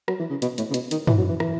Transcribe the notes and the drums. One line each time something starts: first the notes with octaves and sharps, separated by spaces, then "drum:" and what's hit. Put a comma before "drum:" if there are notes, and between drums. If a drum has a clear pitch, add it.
F#3, drum: rim click
E3
C#3
B2, drum: hi-hat
A2, drum: hi-hat
C#3
B2, drum: hi-hat
D#3, drum: hi-hat
E3, drum: tom
F#3
E3
E3, drum: rim click